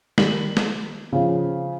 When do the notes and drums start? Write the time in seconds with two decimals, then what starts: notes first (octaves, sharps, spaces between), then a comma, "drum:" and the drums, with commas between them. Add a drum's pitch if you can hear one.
0.18 D#3 G3 F#7, drum: snare
0.57 drum: snare
1.12 C#3 F3